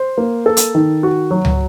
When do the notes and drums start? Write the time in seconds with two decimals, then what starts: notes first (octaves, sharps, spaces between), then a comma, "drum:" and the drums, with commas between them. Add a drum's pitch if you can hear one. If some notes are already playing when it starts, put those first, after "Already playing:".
Already playing: C5
0.18 A#3
0.46 A4
0.57 drum: hi-hat
0.75 D#3
1.03 F#4
1.31 F#3
1.45 drum: tom C#2